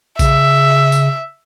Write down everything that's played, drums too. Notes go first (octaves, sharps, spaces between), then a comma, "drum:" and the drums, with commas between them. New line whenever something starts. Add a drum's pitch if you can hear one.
C#3 E5, drum: kick A#1, tambourine
drum: tambourine